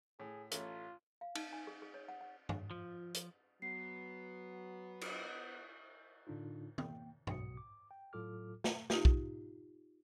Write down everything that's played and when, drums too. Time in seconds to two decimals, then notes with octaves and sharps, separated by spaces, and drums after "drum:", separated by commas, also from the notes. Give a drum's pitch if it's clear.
0.20 A2 G#4
0.51 A1 A3 F4 C#5, drum: hi-hat
1.21 F5
1.35 D#4, drum: cymbal
1.53 G#5
1.67 G#4
1.82 G#4
1.94 C#5
2.08 F#5
2.21 F#5
2.49 drum: tom G2
2.71 F3 F4
3.14 drum: hi-hat
3.62 F#3 B3 C7
5.01 drum: cymbal
6.27 A2 D3 D4 D#4 F4
6.78 A#3 G5, drum: tom
7.27 B1 B2 F#4 D#6 C#7, drum: tom G2
7.57 D6
7.91 G5
8.13 A2 F#3 F4 A4 D6 F6
8.64 drum: snare
8.90 D#4 F4 G4, drum: snare
9.05 drum: kick